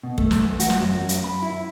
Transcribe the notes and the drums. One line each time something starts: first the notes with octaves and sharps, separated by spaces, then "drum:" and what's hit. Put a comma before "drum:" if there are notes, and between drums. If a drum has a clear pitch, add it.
B2
A3, drum: kick
drum: snare
E2
F#4, drum: hi-hat
drum: snare
F#2
drum: hi-hat
B5
E4